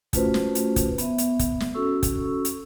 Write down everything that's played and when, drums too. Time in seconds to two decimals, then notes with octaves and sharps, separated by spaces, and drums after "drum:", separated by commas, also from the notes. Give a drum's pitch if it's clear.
0.13 A3 C#4 F4 F#4 B4 C5, drum: kick, hi-hat
0.34 drum: snare
0.55 drum: hi-hat
0.76 drum: kick, hi-hat
0.98 B3 E5, drum: hi-hat
1.18 drum: hi-hat
1.39 drum: kick, hi-hat
1.60 drum: snare
1.74 C#4 F#4 A4 C#6 E6
2.03 drum: kick, hi-hat
2.45 drum: hi-hat